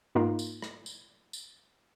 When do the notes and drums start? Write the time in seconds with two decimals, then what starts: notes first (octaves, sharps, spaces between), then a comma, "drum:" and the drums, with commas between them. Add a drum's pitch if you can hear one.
0.15 G#2 A#3 D#4 F4
0.39 drum: tambourine
0.62 drum: rim click
0.86 drum: tambourine
1.33 drum: tambourine